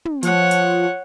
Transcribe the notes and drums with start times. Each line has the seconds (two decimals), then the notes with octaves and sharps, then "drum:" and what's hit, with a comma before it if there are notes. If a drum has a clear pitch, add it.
0.05 drum: tom
0.23 F3 C#5 F#5, drum: hi-hat
0.51 drum: hi-hat